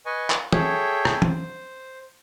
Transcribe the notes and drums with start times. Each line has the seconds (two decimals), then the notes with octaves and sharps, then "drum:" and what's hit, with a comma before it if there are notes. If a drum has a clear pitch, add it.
0.06 B4 D#5 G#5 C#6
0.30 drum: clap
0.52 G#4 A4 C#5 E5 G5, drum: tom
1.05 drum: rim click
1.22 C5, drum: tom